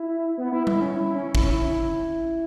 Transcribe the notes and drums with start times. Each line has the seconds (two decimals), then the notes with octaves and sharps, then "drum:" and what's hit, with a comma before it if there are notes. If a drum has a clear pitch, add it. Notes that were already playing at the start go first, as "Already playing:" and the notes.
Already playing: E4
0.38 B3
0.52 E4
0.67 E4, drum: tom G3
0.81 C#4
0.96 E4
1.15 C#4
1.35 E4, drum: kick
1.43 C#4
1.50 E4